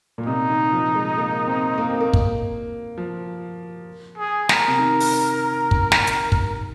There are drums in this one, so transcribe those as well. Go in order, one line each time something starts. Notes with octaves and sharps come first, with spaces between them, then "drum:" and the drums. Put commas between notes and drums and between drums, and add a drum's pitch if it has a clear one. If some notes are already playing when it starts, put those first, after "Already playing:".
A#2
C3 D#4
D#3
F3
G#3
A#3
C4
A#3
C4
A#3
drum: kick
F3
G#4
A#4, drum: snare
C3
D#3
drum: open hi-hat
drum: kick
drum: snare
drum: hi-hat
drum: kick